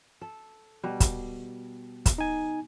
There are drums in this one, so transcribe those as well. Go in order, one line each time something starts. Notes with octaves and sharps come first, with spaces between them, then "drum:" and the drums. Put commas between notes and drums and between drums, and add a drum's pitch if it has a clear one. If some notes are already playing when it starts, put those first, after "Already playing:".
A4
B2 G3
drum: kick, hi-hat
drum: kick, hi-hat
D#4 G#5